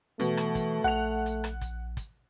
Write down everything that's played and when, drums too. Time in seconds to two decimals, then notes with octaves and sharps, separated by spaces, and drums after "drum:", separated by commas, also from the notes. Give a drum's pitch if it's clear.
0.20 B2 E3 A3, drum: hi-hat
0.37 drum: rim click
0.55 drum: kick, hi-hat
0.84 A#1 F#5 F7
1.26 drum: hi-hat
1.44 drum: rim click
1.61 drum: kick, hi-hat
1.97 drum: kick, hi-hat